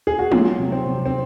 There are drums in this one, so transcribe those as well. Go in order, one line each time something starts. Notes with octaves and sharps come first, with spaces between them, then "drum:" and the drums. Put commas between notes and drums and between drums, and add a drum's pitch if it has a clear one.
G#4
F#4
F#3 F4, drum: tom
C3
C4
C3
C4